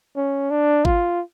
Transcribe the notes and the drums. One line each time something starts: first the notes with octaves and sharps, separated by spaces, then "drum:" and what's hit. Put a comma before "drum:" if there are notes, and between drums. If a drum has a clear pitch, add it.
C#4
D4
F4, drum: kick G#1